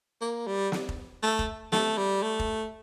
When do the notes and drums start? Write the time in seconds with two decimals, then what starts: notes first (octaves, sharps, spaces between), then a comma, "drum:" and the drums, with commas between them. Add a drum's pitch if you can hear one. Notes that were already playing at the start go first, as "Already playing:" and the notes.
0.21 A#3
0.47 G3
0.72 drum: snare
0.89 drum: kick F1
1.23 A3
1.39 drum: kick F1
1.72 A3, drum: snare
1.97 G3
2.22 A3
2.39 drum: kick F1